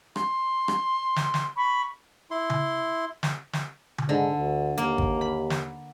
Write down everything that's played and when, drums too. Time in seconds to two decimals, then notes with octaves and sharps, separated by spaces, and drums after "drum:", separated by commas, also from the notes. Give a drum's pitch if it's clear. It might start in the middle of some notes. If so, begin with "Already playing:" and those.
0.16 C6, drum: rim click
0.68 drum: rim click
1.16 drum: snare
1.34 drum: snare
1.57 B5 C#6
2.31 E4 C6
2.50 drum: tom C#3
3.23 drum: snare
3.53 drum: snare
3.98 drum: tom C#3
4.09 G#2 D3
4.39 D2
4.78 D#2 A#3, drum: hi-hat
4.98 drum: kick G#1
5.21 B5
5.50 drum: snare